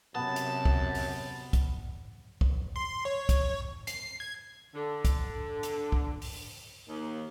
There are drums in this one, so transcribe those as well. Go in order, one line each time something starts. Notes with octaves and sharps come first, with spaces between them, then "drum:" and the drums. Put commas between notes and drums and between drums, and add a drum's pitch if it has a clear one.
F#2 C3 B3 A5
drum: hi-hat
drum: kick
drum: open hi-hat
drum: kick, hi-hat
drum: kick
C6
C#5
drum: kick, hi-hat
C7, drum: hi-hat
G#6
D3
drum: kick, hi-hat
drum: hi-hat
drum: kick
drum: open hi-hat
D#2